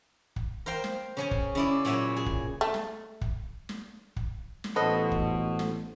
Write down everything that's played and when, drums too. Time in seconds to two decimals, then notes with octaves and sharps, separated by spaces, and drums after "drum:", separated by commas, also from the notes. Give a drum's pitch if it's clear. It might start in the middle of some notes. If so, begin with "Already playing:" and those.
0.36 drum: kick
0.66 A#4 C5 F5 G5 A#5
0.84 drum: snare
1.17 C#3 C#4 G#5
1.31 drum: kick
1.55 C#3 E4 D5
1.85 A#2 F#3 C#5 E5 G#5
2.16 G#4
2.26 drum: kick
2.61 A3
2.74 drum: snare
3.21 drum: kick
3.69 drum: snare
4.16 drum: kick
4.64 drum: snare
4.76 A1 B2 F#4 A4 B4 C5 D#5
5.12 drum: kick
5.59 drum: snare